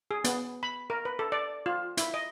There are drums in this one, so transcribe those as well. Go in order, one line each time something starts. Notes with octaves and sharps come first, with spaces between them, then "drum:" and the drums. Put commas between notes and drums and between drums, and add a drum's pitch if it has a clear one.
G#4
B3, drum: hi-hat
B5
A#4
B4
A4
D5
F4
E4, drum: hi-hat
D#5